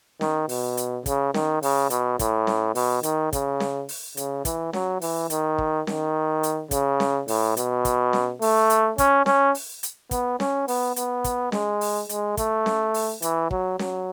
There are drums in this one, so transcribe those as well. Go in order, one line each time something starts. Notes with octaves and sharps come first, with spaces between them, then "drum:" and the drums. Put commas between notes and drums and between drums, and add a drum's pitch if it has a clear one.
D#3, drum: snare C#4
B2, drum: open hi-hat
drum: hi-hat
C#3, drum: kick, hi-hat
D#3, drum: snare C#4
C#3, drum: open hi-hat
B2, drum: hi-hat
A2, drum: kick, hi-hat
drum: snare C#4
B2, drum: open hi-hat
D#3, drum: hi-hat
C#3, drum: kick, hi-hat
drum: snare C#4
drum: open hi-hat
C#3, drum: hi-hat
E3, drum: kick, hi-hat
F#3, drum: snare C#4
E3, drum: open hi-hat
D#3, drum: hi-hat
drum: kick
D#3, drum: snare C#4
drum: hi-hat
C#3, drum: kick, hi-hat
drum: snare C#4
A2, drum: open hi-hat
B2, drum: hi-hat
drum: kick, hi-hat
drum: snare C#4
A3, drum: open hi-hat
drum: hi-hat
C#4, drum: kick, hi-hat
C#4, drum: snare C#4
drum: open hi-hat
drum: hi-hat
B3, drum: kick, hi-hat
C#4, drum: snare C#4
B3, drum: open hi-hat
B3, drum: hi-hat
drum: kick, hi-hat
G#3, drum: snare C#4
drum: open hi-hat
G#3, drum: hi-hat
A3, drum: kick, hi-hat
drum: snare C#4
drum: open hi-hat
E3, drum: hi-hat
F#3, drum: kick
F#3, drum: snare C#4